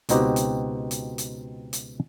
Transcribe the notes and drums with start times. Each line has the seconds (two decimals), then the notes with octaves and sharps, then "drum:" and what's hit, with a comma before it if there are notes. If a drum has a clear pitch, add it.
0.09 C#2 B2 C4 D#4 F#4 G4, drum: hi-hat
0.36 drum: hi-hat
0.91 drum: hi-hat
1.18 drum: hi-hat
1.73 drum: hi-hat